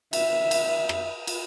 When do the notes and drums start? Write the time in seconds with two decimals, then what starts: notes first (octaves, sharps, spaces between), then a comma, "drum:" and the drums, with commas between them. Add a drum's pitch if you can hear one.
0.13 E5, drum: cymbal
0.51 drum: cymbal
0.89 drum: rim click
1.27 drum: cymbal